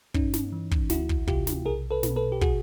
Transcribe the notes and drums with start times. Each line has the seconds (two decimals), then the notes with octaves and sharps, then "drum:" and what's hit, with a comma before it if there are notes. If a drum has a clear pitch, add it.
0.14 G2 C#4 D#4, drum: kick
0.34 drum: snare
0.52 E3
0.71 drum: kick
0.90 D2 E4 F#4, drum: snare
1.09 drum: kick
1.28 C3 F4 G4, drum: kick
1.47 drum: snare
1.65 B1 G#4 A#4
1.91 A4 B4
2.03 B2, drum: snare
2.16 A4 B4
2.32 G4
2.41 F#4 G#4, drum: kick